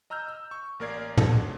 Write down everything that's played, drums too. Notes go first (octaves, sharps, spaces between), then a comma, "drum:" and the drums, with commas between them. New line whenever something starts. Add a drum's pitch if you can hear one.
D#5 A#5 E6 F6 G6
E6
C#6
A1 A#3 A#4 D5 G#6 C7
D#2 A4, drum: tom
G#2 F#3 B3 D4